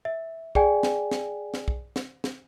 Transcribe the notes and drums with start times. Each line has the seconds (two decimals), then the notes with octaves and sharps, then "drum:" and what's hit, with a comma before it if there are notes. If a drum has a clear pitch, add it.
0.05 E5
0.55 G#4 D5 G5 G#5, drum: kick
0.83 drum: snare
1.11 drum: snare
1.54 drum: snare
1.68 drum: kick
1.96 drum: snare
2.24 drum: snare